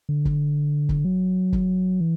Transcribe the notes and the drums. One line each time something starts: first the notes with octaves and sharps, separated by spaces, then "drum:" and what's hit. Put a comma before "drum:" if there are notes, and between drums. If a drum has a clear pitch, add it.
D3
drum: kick
drum: kick
F#3
drum: kick
E3